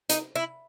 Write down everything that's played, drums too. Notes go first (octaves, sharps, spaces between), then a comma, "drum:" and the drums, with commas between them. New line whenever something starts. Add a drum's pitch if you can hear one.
D#4, drum: hi-hat
E4